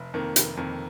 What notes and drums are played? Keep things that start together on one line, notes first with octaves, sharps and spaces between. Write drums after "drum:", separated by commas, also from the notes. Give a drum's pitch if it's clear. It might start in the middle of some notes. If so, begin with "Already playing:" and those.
Already playing: F1
F2 D#3 A#3
F1, drum: hi-hat
F2 D#3 A#3